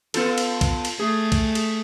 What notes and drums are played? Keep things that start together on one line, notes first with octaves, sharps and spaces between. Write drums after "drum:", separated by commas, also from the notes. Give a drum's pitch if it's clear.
B3 F4 A4, drum: cymbal
drum: cymbal
drum: kick B1, cymbal
drum: cymbal
A3 G#4
drum: kick B1, cymbal
drum: cymbal